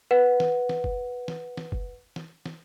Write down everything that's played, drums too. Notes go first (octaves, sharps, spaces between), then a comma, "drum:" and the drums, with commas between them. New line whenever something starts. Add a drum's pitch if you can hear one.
B4 F#5
drum: snare
drum: snare
drum: kick F#1
drum: snare
drum: snare
drum: kick F#1
drum: snare
drum: snare